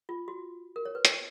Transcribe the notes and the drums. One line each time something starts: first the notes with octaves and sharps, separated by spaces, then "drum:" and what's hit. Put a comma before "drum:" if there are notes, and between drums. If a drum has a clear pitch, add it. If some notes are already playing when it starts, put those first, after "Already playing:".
F4
F#4
A#4
C#5
B4
C#5, drum: hi-hat